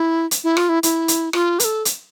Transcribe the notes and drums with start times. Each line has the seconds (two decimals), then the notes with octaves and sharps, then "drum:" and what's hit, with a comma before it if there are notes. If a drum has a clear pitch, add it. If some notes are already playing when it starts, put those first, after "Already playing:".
Already playing: E4
0.31 drum: hi-hat
0.44 E4
0.57 F4, drum: rim click
0.69 E4
0.83 E4, drum: hi-hat
1.08 drum: hi-hat
1.33 F4, drum: rim click
1.60 B4, drum: hi-hat
1.64 A4
1.85 drum: hi-hat